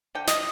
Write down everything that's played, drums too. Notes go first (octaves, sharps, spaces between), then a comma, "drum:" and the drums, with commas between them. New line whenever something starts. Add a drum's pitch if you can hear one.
D3 G5
D#5, drum: snare